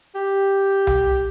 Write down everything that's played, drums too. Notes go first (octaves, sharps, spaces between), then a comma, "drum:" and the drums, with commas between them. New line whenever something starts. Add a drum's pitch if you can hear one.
G4
drum: tom C2